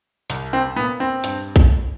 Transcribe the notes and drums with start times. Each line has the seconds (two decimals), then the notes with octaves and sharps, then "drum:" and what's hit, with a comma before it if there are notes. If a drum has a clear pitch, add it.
0.30 C2, drum: hi-hat
0.53 C4
0.76 A#2 B3
1.00 C4
1.24 G2, drum: hi-hat
1.56 drum: kick A#1